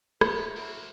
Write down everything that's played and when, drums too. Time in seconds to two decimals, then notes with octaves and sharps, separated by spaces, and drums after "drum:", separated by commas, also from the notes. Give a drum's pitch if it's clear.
0.21 B3 F4 A4 A#4, drum: rim click
0.37 E4 C#5 A#5
0.56 A#3 E4 F#4 C5 C#6